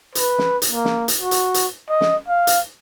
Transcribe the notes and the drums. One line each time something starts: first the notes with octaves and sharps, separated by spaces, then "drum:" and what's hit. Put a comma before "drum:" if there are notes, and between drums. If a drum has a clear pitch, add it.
B4, drum: hi-hat
drum: snare
drum: hi-hat
A#3
drum: snare
drum: hi-hat
F#4
drum: hi-hat
drum: hi-hat
D#5
drum: snare
F5
drum: hi-hat